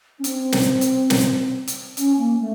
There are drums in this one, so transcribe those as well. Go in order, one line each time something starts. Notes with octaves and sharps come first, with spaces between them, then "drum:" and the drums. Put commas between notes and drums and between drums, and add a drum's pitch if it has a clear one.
C#4
C4, drum: hi-hat
drum: snare
drum: hi-hat
drum: snare
drum: hi-hat
C#4, drum: hi-hat
A#3
A3